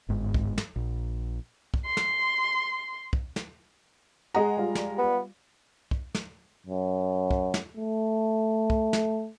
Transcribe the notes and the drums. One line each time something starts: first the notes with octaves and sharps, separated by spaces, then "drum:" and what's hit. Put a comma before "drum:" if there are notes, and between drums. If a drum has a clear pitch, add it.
G1 G#2
drum: kick
drum: snare
A#1
drum: kick
C6
drum: snare
drum: kick
drum: snare
G#3 G#4 D#5 F#5 A#5
G3 F4
drum: snare
B3
drum: kick
drum: snare
F#2
drum: kick
drum: snare
A3
drum: kick
drum: snare